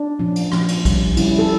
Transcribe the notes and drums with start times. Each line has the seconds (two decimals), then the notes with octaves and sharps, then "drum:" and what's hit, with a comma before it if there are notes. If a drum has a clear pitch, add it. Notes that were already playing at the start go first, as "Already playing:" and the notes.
Already playing: D4
0.19 A#2 F3 C#4
0.36 drum: cymbal
0.52 A#2 F3 C#4, drum: rim click
0.68 drum: cymbal
0.85 C#3 G3 C#4, drum: kick, cymbal
1.17 C#3 G3 C#4 E4, drum: cymbal
1.29 E4
1.39 A4